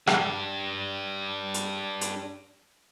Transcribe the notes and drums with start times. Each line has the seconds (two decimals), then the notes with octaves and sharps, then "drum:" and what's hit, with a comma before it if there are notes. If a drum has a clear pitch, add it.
0.07 D4 G4, drum: rim click
1.54 drum: hi-hat
2.01 drum: hi-hat